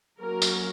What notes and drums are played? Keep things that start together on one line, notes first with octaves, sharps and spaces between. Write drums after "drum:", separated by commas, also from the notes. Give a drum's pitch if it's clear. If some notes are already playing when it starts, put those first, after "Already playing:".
F#3 A#3 C#4 A#4
drum: tambourine